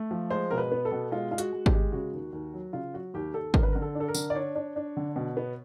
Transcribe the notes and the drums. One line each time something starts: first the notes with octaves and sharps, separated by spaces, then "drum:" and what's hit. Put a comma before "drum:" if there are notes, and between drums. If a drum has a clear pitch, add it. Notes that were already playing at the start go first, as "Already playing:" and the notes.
Already playing: A3
F3
G#3 C5
B2 A#4
B4
B3
A4
B2
G#3 F4
G#3 F4
F#4, drum: hi-hat
G#3
G4, drum: kick G#1
G#3
C#3 F#4
D#2
D#2
F#3
C#3 F4
F#3 F#4
D#2 G4
D#2 A4
D3 A#4, drum: kick G#1
B4
D3 A#4
A4
D4
A4
A#4
D3, drum: tambourine
D5
D4 C#5
D4
D4
D3
B2
B3